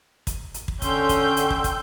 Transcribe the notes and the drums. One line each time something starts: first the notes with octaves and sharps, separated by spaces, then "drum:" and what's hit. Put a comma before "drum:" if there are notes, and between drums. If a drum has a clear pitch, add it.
drum: kick, hi-hat
drum: hi-hat
drum: kick
D3 C#4 G5 C6 E6 G6, drum: kick, hi-hat
drum: kick, hi-hat
drum: hi-hat
drum: kick
drum: kick, hi-hat